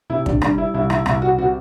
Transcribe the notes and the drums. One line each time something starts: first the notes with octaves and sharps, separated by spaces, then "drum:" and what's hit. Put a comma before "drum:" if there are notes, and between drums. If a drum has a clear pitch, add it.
C3 E4
D4, drum: kick
G3 D4, drum: rim click
E4
C2 E4
E4, drum: rim click
C2 E4, drum: rim click
F#4
C3 F#4